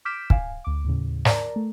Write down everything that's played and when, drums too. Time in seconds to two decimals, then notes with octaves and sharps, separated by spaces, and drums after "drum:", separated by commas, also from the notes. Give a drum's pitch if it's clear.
0.05 D6 F6 G6 B6 D7 E7
0.30 F5 G#5, drum: kick
0.64 D2 D6
0.85 D#2 A2 C#3
1.25 A#4 D5 A#5, drum: snare
1.56 A3